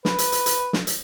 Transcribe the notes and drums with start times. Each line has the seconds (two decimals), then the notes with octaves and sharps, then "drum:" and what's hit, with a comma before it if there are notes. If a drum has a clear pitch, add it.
0.05 B4, drum: snare
0.18 drum: hi-hat
0.32 drum: hi-hat
0.46 drum: hi-hat
0.73 drum: snare
0.87 drum: hi-hat